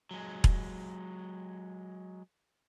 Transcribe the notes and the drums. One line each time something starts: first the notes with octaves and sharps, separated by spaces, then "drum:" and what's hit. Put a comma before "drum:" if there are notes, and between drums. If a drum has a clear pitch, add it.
F#3 G#3
drum: kick E1